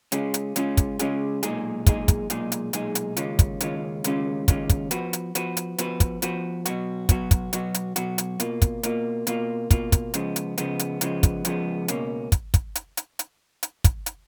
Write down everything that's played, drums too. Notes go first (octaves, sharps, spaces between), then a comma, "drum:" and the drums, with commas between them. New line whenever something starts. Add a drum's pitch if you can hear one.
C#3 G#3 C#4 F4 G#4, drum: hi-hat
drum: hi-hat
C#3 G#3 C#4 F4 G#4, drum: hi-hat
drum: kick, hi-hat
C#3 G#3 C#4 F4 G#4, drum: hi-hat
B1 A#2 G#3 D#4 G#4, drum: hi-hat
B1 A#2 G#3 D#4 G#4, drum: kick, hi-hat
drum: kick, hi-hat
B1 A#2 G#3 D#4 G#4, drum: hi-hat
drum: hi-hat
B1 A#2 G#3 D#4 G#4, drum: hi-hat
drum: hi-hat
D#2 C#3 G#3 C#4 F4, drum: hi-hat
drum: kick, hi-hat
D#2 C#3 G#3 C#4 F4, drum: hi-hat
D#2 C#3 G#3 C#4 F4, drum: hi-hat
D#2 C#3 G#3 C#4 F4, drum: kick, hi-hat
drum: kick, hi-hat
F3 B3 F#4 B4, drum: hi-hat
drum: hi-hat
F3 B3 F#4 B4, drum: hi-hat
drum: hi-hat
F3 B3 F#4 B4, drum: hi-hat
drum: kick, hi-hat
F3 B3 F#4 B4, drum: hi-hat
B2 F#3 B3 F#4, drum: hi-hat
B2 F#3 B3 F#4, drum: kick, hi-hat
drum: kick, hi-hat
B2 F#3 B3 F#4, drum: hi-hat
drum: hi-hat
B2 F#3 B3 F#4, drum: hi-hat
drum: hi-hat
B2 A#3 F4, drum: hi-hat
drum: kick, hi-hat
B2 A#3 F4, drum: hi-hat
B2 A#3 F4, drum: hi-hat
B2 A#3 F4, drum: kick, hi-hat
drum: kick, hi-hat
C#2 C#3 F3 G#3 B3, drum: hi-hat
drum: hi-hat
C#2 C#3 F3 G#3 B3, drum: hi-hat
drum: hi-hat
C#2 C#3 F3 G#3 B3, drum: hi-hat
drum: kick, hi-hat
C#2 C#3 F3 G#3 B3, drum: hi-hat
C#2 B2 A#3 C#4, drum: hi-hat
drum: kick, hi-hat
drum: kick, hi-hat
drum: hi-hat
drum: hi-hat
drum: hi-hat
drum: hi-hat
drum: kick, hi-hat
drum: hi-hat